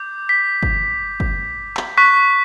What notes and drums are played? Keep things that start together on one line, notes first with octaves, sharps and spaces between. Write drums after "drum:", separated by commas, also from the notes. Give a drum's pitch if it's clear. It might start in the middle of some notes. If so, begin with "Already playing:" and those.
Already playing: D6 G6
B6
drum: kick
drum: kick
drum: clap
C#6 F#6 B6